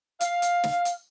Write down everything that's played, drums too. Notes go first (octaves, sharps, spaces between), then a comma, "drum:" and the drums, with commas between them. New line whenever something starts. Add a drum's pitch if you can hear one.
F5, drum: hi-hat
drum: hi-hat
drum: snare
drum: hi-hat